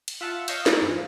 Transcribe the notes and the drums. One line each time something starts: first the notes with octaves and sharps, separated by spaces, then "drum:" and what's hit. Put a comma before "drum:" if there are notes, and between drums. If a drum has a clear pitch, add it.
drum: cymbal
F4 E5 F#5 A5
C#5 D#5 F5 C#6 E6 G6, drum: cymbal
A3 E4, drum: snare
G2 E3 F3